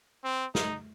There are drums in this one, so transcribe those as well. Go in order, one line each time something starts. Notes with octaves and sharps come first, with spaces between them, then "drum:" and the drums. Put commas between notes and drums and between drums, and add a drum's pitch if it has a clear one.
C4
D#4, drum: snare